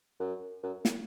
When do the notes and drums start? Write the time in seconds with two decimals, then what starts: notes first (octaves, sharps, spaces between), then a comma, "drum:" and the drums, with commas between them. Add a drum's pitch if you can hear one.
0.20 F#2
0.63 F#2
0.85 drum: snare